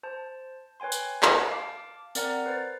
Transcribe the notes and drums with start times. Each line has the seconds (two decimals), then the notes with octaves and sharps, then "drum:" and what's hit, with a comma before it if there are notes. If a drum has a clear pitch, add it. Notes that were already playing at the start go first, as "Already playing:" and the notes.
0.03 C5 A5
0.80 B4 C#5 G5 G#5 C6
0.92 drum: tambourine
1.23 drum: clap
1.48 F5 A5 D6
2.15 C4 A#4 D5 F#5 A#5, drum: tambourine
2.46 B4 C5 A6